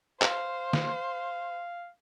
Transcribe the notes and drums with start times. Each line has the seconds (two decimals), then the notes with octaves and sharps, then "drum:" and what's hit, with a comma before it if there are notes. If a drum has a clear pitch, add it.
0.22 C5 F5, drum: clap
0.73 drum: snare